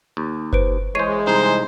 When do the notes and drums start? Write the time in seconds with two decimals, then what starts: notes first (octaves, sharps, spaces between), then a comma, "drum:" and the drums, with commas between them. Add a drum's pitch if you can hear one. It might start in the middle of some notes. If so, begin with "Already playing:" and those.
0.17 D#2
0.53 B4 C5 D7, drum: kick F#1
0.95 E3 G#3 C5 C#5 C7 D#7
1.27 C2 D#4 C5 C6